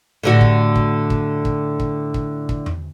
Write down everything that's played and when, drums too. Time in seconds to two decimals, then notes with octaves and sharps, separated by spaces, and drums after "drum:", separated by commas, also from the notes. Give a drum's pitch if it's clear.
0.23 A2 D3 F#4
0.41 drum: kick
0.76 drum: kick
1.10 drum: kick
1.45 drum: kick
1.80 drum: kick
2.14 drum: kick
2.49 drum: kick
2.66 drum: tom E2